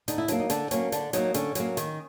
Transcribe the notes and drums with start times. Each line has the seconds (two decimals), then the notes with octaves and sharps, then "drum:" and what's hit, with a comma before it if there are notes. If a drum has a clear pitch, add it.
0.08 D3 D#4, drum: hi-hat
0.18 E4
0.28 F#3 A#3 D4, drum: hi-hat
0.40 D#4
0.50 D3 D4, drum: hi-hat
0.71 F#3 A#3 C#4, drum: hi-hat
0.92 D3 D4, drum: hi-hat
1.13 F#3 A#3 D#4, drum: hi-hat
1.34 D3 C#4, drum: hi-hat
1.55 F#3 A#3, drum: hi-hat
1.77 D#3, drum: hi-hat